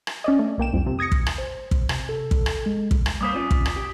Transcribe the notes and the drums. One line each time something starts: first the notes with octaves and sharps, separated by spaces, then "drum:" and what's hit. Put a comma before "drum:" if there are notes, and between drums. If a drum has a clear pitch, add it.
drum: rim click
C#4 D5 D#5
A3
B1 A#3 G5 E7
C2 F2
C3
D#6 G#6 A#6 C#7
drum: kick
drum: rim click
C5
drum: kick
C3, drum: rim click
A4
drum: kick
drum: rim click
G#3
drum: kick
drum: rim click
G3 A#3 C5 D6 D#6 B6
C#4 F4 D5 D#6
drum: kick
drum: rim click
G4